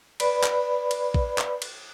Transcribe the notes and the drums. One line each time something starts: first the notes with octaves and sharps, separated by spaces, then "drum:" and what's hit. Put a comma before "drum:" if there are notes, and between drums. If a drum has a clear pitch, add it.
B4 D5 B5, drum: cymbal
drum: clap
drum: cymbal
drum: kick A#1
drum: clap
drum: cymbal